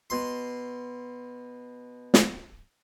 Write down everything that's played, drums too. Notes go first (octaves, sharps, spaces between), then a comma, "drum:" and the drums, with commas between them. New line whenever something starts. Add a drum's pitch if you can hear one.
B2 C6
drum: snare